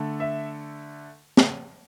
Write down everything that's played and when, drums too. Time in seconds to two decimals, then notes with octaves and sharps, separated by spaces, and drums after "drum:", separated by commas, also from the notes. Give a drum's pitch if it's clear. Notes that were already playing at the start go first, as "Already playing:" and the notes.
Already playing: D3 A3
0.20 E5
1.37 drum: snare